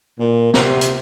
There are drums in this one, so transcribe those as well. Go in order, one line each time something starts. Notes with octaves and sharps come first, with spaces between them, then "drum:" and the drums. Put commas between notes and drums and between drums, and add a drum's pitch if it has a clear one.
A#2
C3, drum: snare
drum: hi-hat